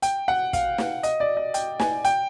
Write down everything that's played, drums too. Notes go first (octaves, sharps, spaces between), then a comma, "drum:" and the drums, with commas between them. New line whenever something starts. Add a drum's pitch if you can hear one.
G5, drum: hi-hat
F#5
F5, drum: kick, hi-hat
drum: snare
D#5, drum: hi-hat
D5
D#5
G5, drum: hi-hat
G#5, drum: snare
G5, drum: hi-hat